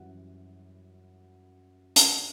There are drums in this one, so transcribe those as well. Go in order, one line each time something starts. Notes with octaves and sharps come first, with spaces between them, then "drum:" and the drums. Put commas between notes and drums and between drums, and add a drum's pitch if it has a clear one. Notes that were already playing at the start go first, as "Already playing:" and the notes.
Already playing: F#2 E3 G3 F#5
G5, drum: hi-hat
F#5